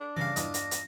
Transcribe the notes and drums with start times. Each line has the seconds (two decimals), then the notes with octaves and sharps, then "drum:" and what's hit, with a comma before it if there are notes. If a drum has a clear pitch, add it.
0.01 D4
0.17 G2 C#3 E3 D5 F5 A#6
0.36 E2 G2 E3 F4 D#5, drum: hi-hat
0.54 A#6, drum: hi-hat
0.71 drum: hi-hat